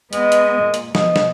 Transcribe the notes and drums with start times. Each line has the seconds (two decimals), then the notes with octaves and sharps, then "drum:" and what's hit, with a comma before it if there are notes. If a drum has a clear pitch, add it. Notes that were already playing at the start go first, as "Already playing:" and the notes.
0.13 G#3 B3 D#5, drum: hi-hat
0.32 drum: hi-hat
0.62 A#2
0.74 drum: hi-hat
0.95 B2 F3 D#5, drum: snare
1.16 drum: snare